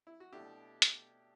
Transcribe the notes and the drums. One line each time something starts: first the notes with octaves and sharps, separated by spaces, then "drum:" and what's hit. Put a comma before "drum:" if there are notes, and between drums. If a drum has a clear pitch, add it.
E4
F#4
B2 A3 D4 E4 G4
drum: hi-hat